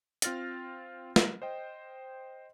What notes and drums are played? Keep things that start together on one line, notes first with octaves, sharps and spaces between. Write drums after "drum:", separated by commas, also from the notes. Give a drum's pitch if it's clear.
C4 F4 F6 A6 A#6, drum: hi-hat
drum: snare
C5 D#5 G5